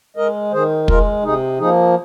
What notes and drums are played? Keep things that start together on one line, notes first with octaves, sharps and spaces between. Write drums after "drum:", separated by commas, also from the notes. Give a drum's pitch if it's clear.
G#3 A#4 D#5
D#3 G#4 C5
G#3 F4 A#4, drum: kick
C3 D#4 G#4
F3 A#3 D#4 G#4